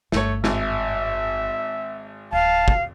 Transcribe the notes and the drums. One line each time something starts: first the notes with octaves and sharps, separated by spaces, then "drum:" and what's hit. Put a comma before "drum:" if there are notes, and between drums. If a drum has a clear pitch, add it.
G1 F#2 A3 C#5, drum: snare
G#1 E5, drum: snare
D1 F5 A5
drum: kick